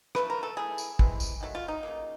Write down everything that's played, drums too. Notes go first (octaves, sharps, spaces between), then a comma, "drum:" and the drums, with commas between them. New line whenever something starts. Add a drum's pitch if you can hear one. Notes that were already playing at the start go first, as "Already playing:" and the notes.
D3 F3 A3 B4, drum: rim click
A#4
A4
E3 A3 G#4
drum: tambourine
C3 E3 G#3, drum: kick
drum: tambourine
D#3 F#3 A3
F4
D#4
C#3 F#3 A#3